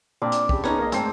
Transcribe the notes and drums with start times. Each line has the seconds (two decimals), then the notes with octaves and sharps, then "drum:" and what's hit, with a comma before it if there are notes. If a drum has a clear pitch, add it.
0.22 A#2 C4 D4 D5
0.32 drum: hi-hat
0.49 C#3 G4, drum: kick
0.64 B3 C#4 D#4 G#4 A#5, drum: rim click
0.79 A#3 D#5
0.92 G#2 A3 C4 G#4, drum: hi-hat